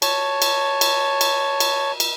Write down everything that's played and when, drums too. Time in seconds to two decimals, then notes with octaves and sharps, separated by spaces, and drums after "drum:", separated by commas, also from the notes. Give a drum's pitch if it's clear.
0.02 C#5 A5, drum: cymbal
0.42 drum: cymbal
0.81 drum: cymbal
1.21 drum: cymbal
1.60 drum: cymbal
2.00 drum: cymbal